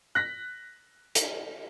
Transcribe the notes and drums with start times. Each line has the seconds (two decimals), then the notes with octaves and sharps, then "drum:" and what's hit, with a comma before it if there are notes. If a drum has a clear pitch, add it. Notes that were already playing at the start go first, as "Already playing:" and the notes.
0.15 F#6 A#6 B6
1.15 drum: hi-hat